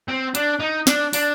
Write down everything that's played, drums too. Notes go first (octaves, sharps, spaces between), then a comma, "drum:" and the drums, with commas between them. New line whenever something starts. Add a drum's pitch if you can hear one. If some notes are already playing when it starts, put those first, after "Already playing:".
C4
D4, drum: hi-hat
D#4
D4, drum: snare
D4, drum: open hi-hat